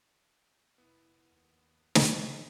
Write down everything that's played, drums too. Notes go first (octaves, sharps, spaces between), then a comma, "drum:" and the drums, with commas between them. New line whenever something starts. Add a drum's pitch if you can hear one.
F1 B3 E4
D#2
drum: snare